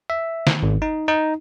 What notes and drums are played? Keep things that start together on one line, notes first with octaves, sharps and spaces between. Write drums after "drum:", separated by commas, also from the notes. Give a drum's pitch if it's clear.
E5
drum: snare
G#1
D#4
D#4